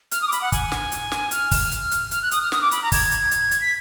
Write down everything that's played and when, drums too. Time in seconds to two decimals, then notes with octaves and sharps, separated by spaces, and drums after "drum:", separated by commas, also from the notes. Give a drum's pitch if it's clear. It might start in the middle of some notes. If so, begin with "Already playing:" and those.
0.11 F6, drum: hi-hat
0.21 D#6
0.27 D6
0.32 B5, drum: hi-hat
0.41 F#5
0.52 G#5, drum: kick, hi-hat
0.72 drum: snare
0.92 drum: hi-hat
1.12 drum: snare
1.31 F6, drum: hi-hat
1.51 drum: kick, open hi-hat
1.71 drum: hi-hat
1.91 drum: hi-hat
2.11 F6, drum: hi-hat
2.22 F#6
2.31 D#6, drum: hi-hat
2.41 F6
2.52 D#6, drum: snare
2.61 D6
2.71 B5, drum: hi-hat
2.82 A#5
2.92 G#6, drum: kick, open hi-hat
3.11 drum: hi-hat
3.31 drum: hi-hat
3.51 drum: hi-hat
3.61 B6